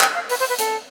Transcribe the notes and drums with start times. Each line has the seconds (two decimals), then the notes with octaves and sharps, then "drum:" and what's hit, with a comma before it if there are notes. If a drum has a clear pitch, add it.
0.01 G5, drum: clap
0.15 F5
0.29 B4, drum: open hi-hat
0.40 C5
0.49 B4
0.59 A4, drum: hi-hat